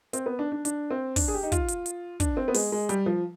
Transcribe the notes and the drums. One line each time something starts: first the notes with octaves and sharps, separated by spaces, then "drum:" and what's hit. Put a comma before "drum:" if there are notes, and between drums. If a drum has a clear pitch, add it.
C4, drum: hi-hat
B3
D4
D4
D4, drum: hi-hat
C4
D4, drum: kick, open hi-hat
G#4
G4
D#4
F4, drum: kick, hi-hat
drum: hi-hat
drum: hi-hat
D4, drum: kick, hi-hat
C4
B3
G#3, drum: open hi-hat
G#3
G3, drum: hi-hat
F3